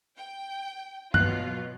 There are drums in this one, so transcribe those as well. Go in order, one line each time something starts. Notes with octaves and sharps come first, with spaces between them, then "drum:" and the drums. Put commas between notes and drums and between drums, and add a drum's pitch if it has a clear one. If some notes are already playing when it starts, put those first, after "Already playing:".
G5
B2 F#3 F4 F#6, drum: tom G2